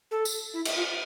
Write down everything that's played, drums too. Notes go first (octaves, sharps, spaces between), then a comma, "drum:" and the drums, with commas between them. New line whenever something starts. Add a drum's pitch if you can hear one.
A4
drum: tambourine
E4
drum: cymbal
F4